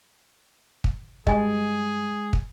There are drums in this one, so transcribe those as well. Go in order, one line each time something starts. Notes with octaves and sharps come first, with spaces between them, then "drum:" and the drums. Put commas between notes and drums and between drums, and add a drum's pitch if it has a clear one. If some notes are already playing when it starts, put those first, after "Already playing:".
drum: kick
G2 G#3 G#4 D#5 G#5, drum: kick
drum: kick